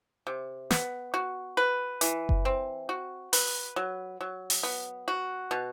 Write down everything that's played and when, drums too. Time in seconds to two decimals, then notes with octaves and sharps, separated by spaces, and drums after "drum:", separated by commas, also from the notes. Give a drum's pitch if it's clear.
0.27 C3
0.71 B3, drum: snare
1.14 F#4
1.57 B4
2.01 E3, drum: hi-hat
2.29 drum: kick F#1
2.45 C4
2.89 F#4
3.33 B4, drum: open hi-hat
3.76 F#3
4.21 F#3
4.50 drum: open hi-hat
4.63 B3
5.08 F#4
5.51 B2